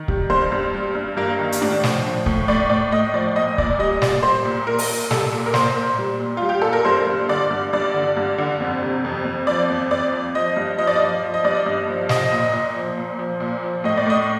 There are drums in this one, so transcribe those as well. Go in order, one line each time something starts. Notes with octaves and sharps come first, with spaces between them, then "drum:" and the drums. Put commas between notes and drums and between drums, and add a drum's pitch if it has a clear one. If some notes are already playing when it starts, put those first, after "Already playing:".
Already playing: D#3
G3, drum: kick C#1
G2 C5
G2
G3
G2
G2 A#3
D#3
drum: hi-hat
A2 D4
F3, drum: snare
F3
A2, drum: kick C#1
A2 D5
A2 D5
A2 D#5
F3 D5
A#2 D#5
A#2 D5, drum: kick C#1
G3 D#5
G3 D5, drum: snare
G3 C5
A#2
A#2 A#4
drum: open hi-hat
A#2
G3 A4, drum: snare
A#2
A#4
A#2 C5, drum: snare
A#2
G3
A#2
F4
G3
G4
A#2 A4
A#4
G2 C5
G2
D3 D5
G2
G2 D5
D3
G2
D3
F2
C3
F2
F2
F3 D5
F2
F2 D5
F3
F3 D#5
G2
F3 D#5
D5
D#5
F3
F3
D#5
G2 D5
D#5
G2
F3
F3 D#5, drum: snare
A#2
A#2
F3
A#2
F3
A#2
F3
A2 D#5
D5
A2 D#5